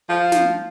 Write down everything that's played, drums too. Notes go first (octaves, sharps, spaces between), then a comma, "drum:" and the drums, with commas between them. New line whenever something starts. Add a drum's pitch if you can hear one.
F3
drum: snare